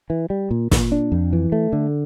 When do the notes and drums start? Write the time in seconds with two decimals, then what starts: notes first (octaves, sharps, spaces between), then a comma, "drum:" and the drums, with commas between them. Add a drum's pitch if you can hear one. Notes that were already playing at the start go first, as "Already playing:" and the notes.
0.10 E3
0.30 G3
0.51 A#2
0.71 A#2, drum: snare
0.92 D4
1.12 F2
1.33 E3
1.52 A3
1.73 D3